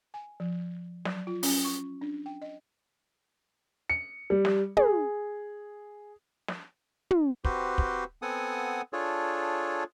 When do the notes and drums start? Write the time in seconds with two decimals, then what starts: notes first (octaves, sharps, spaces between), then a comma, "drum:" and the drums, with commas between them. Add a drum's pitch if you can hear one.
0.14 G#5
0.40 F3
1.05 F#3, drum: snare
1.27 F4
1.43 C#4, drum: open hi-hat
1.65 C#6
2.01 D4
2.26 G5
2.42 D#5
3.90 C#7
4.30 G3
4.45 drum: snare
4.77 G#4, drum: tom
6.48 drum: snare
7.11 drum: tom
7.44 C4 F#4 G4 B4 C5, drum: kick
7.78 drum: kick
8.22 B3 C4 A4 F#5 G#5 D#6
8.93 D4 F4 G#4 A4 C#5